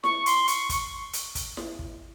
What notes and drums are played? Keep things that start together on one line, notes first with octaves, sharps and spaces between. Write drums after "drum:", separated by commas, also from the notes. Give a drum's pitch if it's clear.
C#6, drum: snare E4
C6, drum: hi-hat
C#6, drum: hi-hat
drum: kick, hi-hat
drum: hi-hat
drum: kick, hi-hat
drum: snare E4
drum: kick